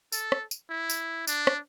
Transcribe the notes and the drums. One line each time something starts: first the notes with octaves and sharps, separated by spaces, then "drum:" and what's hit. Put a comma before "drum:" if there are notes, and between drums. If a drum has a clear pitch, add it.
A4, drum: tambourine
drum: rim click
drum: tambourine
E4
drum: tambourine
D4, drum: tambourine
drum: rim click